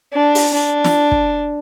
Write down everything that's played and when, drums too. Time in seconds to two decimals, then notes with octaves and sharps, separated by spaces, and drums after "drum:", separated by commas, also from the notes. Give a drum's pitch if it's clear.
0.14 D4
0.35 drum: open hi-hat
0.54 D4
0.85 drum: snare
1.12 drum: kick